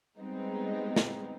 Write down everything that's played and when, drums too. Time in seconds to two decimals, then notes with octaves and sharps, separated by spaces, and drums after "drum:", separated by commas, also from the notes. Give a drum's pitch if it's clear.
0.18 G3 G#3 B3 C4 D#4
0.96 drum: snare